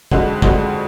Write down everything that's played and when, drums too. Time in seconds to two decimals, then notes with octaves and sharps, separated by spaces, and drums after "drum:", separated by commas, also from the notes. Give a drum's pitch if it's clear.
0.11 F2 D3 G#3 D#4 F#4, drum: kick
0.42 F2 D3 G#3 D#4 F#4, drum: kick